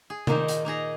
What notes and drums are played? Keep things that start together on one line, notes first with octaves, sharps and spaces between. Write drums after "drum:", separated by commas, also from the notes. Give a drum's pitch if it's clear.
G#4
A#2 D#3 A#3 D#4 C5, drum: tom C3
drum: hi-hat
A#3 D#4 G#4 A#5